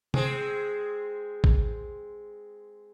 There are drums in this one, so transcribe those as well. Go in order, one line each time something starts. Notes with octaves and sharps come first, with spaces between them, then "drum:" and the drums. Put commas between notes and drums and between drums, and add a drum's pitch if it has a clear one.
G#3 C4 G#4, drum: tom
drum: kick